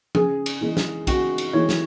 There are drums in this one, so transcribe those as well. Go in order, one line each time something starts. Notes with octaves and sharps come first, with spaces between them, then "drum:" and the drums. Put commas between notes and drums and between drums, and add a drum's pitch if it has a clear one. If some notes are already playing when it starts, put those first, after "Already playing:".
C#3 G#4, drum: tom
drum: cymbal
E3 G#3
drum: snare
C#3 F#4, drum: kick, cymbal
drum: cymbal
E3 G#3 C#5
drum: snare